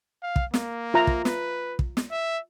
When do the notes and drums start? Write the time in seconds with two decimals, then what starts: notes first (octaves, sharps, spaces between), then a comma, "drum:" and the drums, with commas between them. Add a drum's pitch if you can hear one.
0.23 F5
0.36 drum: kick
0.54 A#3, drum: snare
0.94 F4 E5 A#5
1.07 drum: kick
1.25 B4, drum: snare
1.79 drum: kick
1.97 drum: snare
2.11 E5